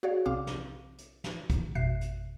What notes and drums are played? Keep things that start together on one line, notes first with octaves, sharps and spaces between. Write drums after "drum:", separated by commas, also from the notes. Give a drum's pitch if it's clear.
F#4 G#4 C#5 D5 F5
B1 C3 C4 F5 D6 F6
drum: snare
drum: hi-hat
drum: snare
drum: kick, hi-hat
G#1 F2 B2 E5 F#6 C7
drum: hi-hat